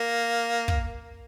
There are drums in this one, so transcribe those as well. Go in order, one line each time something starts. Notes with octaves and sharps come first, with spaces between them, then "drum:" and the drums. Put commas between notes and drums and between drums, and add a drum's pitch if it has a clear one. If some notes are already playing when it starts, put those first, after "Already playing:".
Already playing: A#3
drum: kick